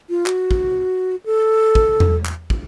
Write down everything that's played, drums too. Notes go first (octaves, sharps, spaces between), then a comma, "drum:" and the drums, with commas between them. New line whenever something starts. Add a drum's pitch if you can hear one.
F4
F#4, drum: clap
drum: kick
A4
drum: kick
drum: tom E2
drum: clap
drum: kick